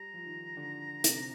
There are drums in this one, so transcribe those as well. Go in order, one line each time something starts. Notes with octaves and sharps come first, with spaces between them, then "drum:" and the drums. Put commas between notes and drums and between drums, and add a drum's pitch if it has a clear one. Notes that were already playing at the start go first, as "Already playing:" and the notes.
Already playing: G3 A#5
F3
D#3
D3
C3, drum: hi-hat